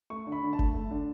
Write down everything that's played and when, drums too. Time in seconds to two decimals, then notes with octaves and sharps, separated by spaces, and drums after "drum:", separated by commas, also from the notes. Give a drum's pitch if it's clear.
0.10 A3 C#6
0.27 D3
0.32 B5
0.43 D3
0.53 A5
0.59 A3, drum: kick F#1
0.74 A3
0.91 D3